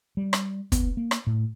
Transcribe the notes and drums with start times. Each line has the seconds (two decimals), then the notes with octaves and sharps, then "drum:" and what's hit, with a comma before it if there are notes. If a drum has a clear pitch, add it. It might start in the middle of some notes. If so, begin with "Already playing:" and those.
0.17 G3
0.33 drum: rim click
0.72 B3, drum: kick, hi-hat
0.97 A#3
1.11 drum: rim click
1.27 A2